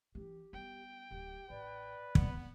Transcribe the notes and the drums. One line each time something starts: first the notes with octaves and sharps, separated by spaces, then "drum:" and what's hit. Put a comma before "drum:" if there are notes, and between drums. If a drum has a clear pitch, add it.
E3 C#4 G4
G3 B3 G5
D1 G4
A1 B4 D5
E1 B3 F#5, drum: kick